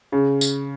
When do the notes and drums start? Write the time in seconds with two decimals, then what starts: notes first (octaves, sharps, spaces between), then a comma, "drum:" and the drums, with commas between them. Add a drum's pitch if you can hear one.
0.12 C#3
0.41 drum: tambourine